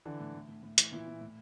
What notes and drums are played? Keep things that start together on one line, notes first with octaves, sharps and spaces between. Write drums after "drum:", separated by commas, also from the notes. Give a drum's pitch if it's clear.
D3 E3 D4
A2
A2
A2
A2
E3, drum: hi-hat
A#2 E3 E4
A#2
A2